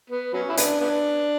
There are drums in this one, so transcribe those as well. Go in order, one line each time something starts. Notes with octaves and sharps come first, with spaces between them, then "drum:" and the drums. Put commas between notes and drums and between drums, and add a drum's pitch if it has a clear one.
B3
F#3 C#4
E4
B3 D4, drum: hi-hat
B3 D4